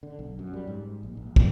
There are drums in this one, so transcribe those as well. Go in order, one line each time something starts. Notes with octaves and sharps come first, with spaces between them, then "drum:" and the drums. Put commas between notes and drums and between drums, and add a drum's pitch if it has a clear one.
D3
B1
F#2
G3
G#2
A#1
A#1
D2, drum: kick